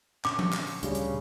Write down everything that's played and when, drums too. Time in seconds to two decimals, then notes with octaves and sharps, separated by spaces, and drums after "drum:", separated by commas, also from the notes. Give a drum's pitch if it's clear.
0.25 A#2 D3 C#4 D6, drum: clap
0.39 drum: tom F3
0.53 drum: clap
0.67 drum: open hi-hat
0.83 D2 C#3 G3, drum: hi-hat
0.95 drum: hi-hat